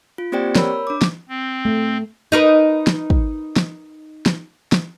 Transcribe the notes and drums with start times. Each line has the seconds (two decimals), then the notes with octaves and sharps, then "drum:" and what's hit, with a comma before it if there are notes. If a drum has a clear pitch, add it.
0.18 F4
0.32 A#3 C4 G4 C5 D5 G5
0.56 A#4 C#5 B5 E6, drum: snare
0.87 D4 D6
1.02 drum: snare
1.29 C4
1.65 A3
2.32 D#4 A#4 B4
2.87 drum: snare
3.10 drum: kick
3.56 drum: snare
4.26 drum: snare
4.72 drum: snare